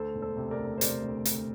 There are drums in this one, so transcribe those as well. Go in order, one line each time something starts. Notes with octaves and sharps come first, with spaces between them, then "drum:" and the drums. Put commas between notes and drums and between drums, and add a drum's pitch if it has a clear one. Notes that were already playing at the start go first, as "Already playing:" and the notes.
Already playing: D2 A4 C5
E1
A4 C5
C3
A#4 D5
D2
C5
C3 A#4 D5, drum: hi-hat
D2
D2, drum: hi-hat